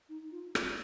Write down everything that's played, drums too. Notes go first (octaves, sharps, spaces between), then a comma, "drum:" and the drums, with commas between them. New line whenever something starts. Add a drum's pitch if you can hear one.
D#4
F4
F4, drum: rim click